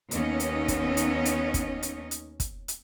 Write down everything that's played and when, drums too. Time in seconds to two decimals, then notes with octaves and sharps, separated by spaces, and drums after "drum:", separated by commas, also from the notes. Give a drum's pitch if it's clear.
0.11 D#2 B3 C#4 D#4 D#5, drum: hi-hat
0.40 drum: hi-hat
0.68 drum: kick, hi-hat
0.97 drum: hi-hat
1.25 drum: hi-hat
1.54 drum: kick, hi-hat
1.83 drum: hi-hat
2.11 drum: hi-hat
2.40 drum: kick, hi-hat
2.68 drum: hi-hat